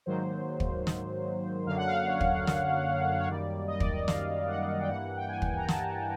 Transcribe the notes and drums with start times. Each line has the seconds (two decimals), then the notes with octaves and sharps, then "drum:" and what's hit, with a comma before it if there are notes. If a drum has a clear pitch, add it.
0.06 G#2 D#3 F#3 A#3 C5
0.60 drum: kick
0.87 drum: snare
1.67 F#2 D3 F#3 A#3 F5
1.77 F#5
1.87 F5
2.07 C#5
2.21 drum: kick
2.47 drum: snare
3.20 C#5
3.28 F#2 D#3 G3 A#3 D5
3.68 D#5
3.80 D5, drum: kick
3.93 D#5
4.08 F5, drum: snare
4.48 F#5
4.80 G5
4.88 G2 E3 G3 A#3 F#5
5.17 G5
5.28 G#5
5.42 drum: kick
5.57 A#5
5.68 A5, drum: snare